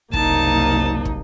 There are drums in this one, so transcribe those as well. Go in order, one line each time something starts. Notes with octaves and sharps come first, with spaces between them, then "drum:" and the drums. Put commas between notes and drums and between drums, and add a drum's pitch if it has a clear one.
F#1 C2 A#3 D#4 A5, drum: kick
drum: kick